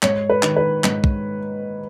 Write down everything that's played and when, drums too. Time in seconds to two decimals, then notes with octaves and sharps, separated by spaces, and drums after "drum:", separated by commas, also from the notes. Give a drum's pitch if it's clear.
0.03 G#2 C#5, drum: clap
0.30 B4
0.43 D#3, drum: clap
0.57 B4
0.84 G#2, drum: clap
1.04 drum: kick